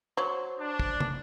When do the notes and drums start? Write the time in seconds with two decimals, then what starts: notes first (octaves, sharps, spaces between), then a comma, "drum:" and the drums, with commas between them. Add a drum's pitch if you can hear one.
0.17 F#3 C5
0.59 D4
0.80 drum: kick
1.00 drum: tom